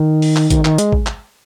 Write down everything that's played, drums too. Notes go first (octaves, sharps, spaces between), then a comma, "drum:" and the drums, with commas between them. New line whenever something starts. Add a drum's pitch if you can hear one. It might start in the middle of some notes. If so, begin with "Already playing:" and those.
Already playing: D#3
drum: open hi-hat
drum: clap
D#3, drum: kick, hi-hat
D#3, drum: clap
G#3, drum: hi-hat
drum: kick
drum: clap